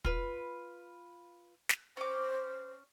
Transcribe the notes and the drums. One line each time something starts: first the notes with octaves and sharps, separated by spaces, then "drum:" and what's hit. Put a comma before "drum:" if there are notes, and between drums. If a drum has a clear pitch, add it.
F4 B4, drum: kick
drum: snare
C#4 C5 D6